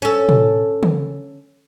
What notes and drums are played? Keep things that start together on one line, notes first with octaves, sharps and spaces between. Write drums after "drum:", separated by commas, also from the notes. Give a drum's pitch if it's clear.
C#4 A4
drum: tom
drum: tom